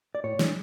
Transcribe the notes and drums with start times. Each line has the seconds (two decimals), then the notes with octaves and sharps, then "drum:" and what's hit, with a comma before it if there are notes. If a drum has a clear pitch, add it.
0.15 D5
0.24 A2 C#5
0.39 E3 G#3 D4, drum: snare